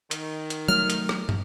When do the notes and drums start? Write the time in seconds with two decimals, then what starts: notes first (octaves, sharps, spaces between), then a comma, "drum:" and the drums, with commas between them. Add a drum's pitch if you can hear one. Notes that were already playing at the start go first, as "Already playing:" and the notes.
0.11 D#3, drum: hi-hat
0.50 drum: hi-hat
0.68 F#3 A3 F6
0.90 drum: hi-hat
1.09 drum: rim click
1.29 drum: tom